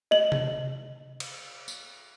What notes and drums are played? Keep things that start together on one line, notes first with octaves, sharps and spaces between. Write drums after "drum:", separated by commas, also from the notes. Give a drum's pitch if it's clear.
D#5 F#7
drum: tom C3
drum: cymbal
drum: tambourine